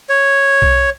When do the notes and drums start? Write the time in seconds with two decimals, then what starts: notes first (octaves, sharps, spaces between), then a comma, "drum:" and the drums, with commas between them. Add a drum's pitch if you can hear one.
0.09 C#5
0.62 drum: kick B1